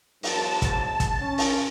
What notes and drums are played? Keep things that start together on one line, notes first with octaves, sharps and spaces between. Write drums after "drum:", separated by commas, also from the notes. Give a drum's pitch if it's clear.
E2 G#2 F#3 A5, drum: open hi-hat
drum: kick, hi-hat
drum: kick, hi-hat
C#4
drum: open hi-hat